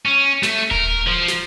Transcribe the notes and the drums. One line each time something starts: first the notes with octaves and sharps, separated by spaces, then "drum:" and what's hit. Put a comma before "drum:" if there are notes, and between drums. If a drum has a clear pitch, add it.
C#4
A3, drum: snare
A#4, drum: kick D#1
F3
drum: snare